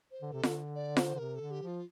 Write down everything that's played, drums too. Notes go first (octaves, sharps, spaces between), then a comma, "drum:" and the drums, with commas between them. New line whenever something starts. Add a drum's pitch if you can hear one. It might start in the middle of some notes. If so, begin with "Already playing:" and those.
C5
D3
C3 A4
D3, drum: snare F4
D5
C5, drum: snare F4
D3
C3 A#4
D3 A4
G4
F3
F4